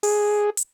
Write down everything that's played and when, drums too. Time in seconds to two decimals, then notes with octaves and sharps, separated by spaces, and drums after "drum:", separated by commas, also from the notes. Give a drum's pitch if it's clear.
0.03 G#4, drum: open hi-hat
0.57 drum: hi-hat